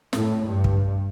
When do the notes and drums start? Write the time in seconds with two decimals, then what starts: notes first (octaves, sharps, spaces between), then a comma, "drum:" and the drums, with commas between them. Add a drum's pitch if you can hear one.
0.13 A2, drum: snare
0.46 G2
0.64 drum: kick